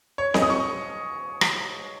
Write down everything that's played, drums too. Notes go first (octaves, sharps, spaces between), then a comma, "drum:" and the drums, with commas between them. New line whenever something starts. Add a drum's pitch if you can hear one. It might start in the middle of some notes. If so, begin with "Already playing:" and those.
C#5
D#5, drum: snare C4
D#6
C#6
drum: rim click